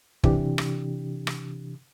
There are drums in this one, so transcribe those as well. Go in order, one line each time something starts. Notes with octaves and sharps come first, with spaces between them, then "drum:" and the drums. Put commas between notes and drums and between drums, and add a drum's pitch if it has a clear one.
C3 E3 D4 G4, drum: kick
drum: rim click
drum: rim click